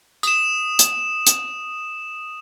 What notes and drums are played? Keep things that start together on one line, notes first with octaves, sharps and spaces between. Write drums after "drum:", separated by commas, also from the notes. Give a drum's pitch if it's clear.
D#6 E7, drum: tambourine
drum: hi-hat
drum: hi-hat